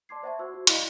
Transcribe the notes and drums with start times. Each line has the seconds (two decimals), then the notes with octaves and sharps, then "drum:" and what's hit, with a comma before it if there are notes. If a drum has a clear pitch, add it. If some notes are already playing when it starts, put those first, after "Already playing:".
0.09 D5 A5 C6 D6 G#6 C7
0.23 C5 E5 F#5 A5 C#6 G#6
0.39 F#4 C5 C#6 E6
0.54 F#4
0.67 E4 D5 D#5 F5, drum: hi-hat